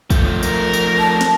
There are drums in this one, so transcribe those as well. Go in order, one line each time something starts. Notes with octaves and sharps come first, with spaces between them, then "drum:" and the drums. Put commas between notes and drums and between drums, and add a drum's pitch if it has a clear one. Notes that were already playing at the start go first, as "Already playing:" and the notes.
F3 A3, drum: kick, tambourine
A#4, drum: tambourine
drum: tambourine
A5
drum: snare